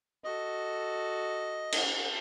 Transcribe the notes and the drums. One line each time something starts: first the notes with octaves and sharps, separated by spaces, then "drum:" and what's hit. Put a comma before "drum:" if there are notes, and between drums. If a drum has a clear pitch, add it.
F#4 A4 D#5
drum: cymbal